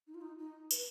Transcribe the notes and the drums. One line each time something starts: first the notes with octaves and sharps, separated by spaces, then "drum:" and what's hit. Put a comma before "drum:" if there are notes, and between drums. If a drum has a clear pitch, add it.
D#4
F4
D#4
D#4
B4, drum: tambourine